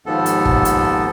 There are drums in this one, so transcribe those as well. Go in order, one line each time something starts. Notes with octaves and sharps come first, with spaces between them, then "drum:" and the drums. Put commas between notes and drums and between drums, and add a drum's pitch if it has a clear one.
D#2 G#2 F3 B3 A4
drum: hi-hat
drum: kick
drum: hi-hat